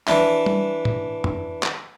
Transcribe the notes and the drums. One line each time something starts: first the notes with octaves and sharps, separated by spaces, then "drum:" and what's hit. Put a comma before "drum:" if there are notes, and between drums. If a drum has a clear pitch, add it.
E3 D4 E4, drum: clap
drum: tom G3
drum: tom G#2
drum: tom F2
drum: clap